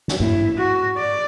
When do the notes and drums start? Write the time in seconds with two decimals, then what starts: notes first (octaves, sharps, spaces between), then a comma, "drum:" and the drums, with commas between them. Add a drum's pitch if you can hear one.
0.08 drum: snare
0.20 E4, drum: tom G2
0.58 F#4
0.97 D5